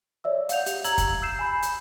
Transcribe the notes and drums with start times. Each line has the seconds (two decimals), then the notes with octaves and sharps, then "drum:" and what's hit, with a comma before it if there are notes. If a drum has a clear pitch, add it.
0.24 C#5 D5 E5 E6
0.49 F5 F#5 G6 F7, drum: hi-hat
0.66 G4, drum: hi-hat
0.84 A#5 E6 G#6 F#7, drum: hi-hat
0.98 drum: kick, hi-hat
1.22 E6 G6 C7 E7
1.39 G#5 B5 G6
1.63 drum: hi-hat